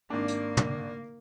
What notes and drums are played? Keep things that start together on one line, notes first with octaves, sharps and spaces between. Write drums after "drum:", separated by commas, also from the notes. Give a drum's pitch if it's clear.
G#1 A#3 D4
drum: hi-hat
drum: tom